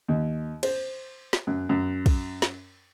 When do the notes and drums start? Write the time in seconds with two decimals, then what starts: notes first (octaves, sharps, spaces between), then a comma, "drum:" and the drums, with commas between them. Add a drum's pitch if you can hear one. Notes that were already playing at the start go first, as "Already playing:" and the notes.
0.08 D#2
0.63 C5, drum: cymbal
1.33 drum: snare
1.47 F#2
1.69 F#2
2.06 drum: kick, cymbal
2.42 drum: snare